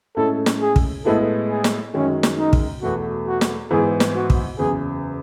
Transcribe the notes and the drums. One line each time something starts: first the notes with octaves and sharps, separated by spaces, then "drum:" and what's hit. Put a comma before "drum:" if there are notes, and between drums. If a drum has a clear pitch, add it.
A2 G#3 C#4 E4 A4
drum: snare
G#4
drum: kick
A2 G#3 B3 E4 A4
G#4
drum: snare
F#2 D#3 G#3 C#4
drum: snare
D#4
drum: kick
E2 B2 A3 F#4
F#4
drum: snare
G#2 E3 B3 E4 G#4
drum: snare
F#4
drum: kick
F#1 E2 C#3 G#4